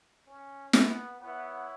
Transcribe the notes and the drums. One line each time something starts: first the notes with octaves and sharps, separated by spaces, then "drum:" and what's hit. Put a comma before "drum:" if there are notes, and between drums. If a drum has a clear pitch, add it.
C#4
B3, drum: snare
B3 E4 C#5 F#5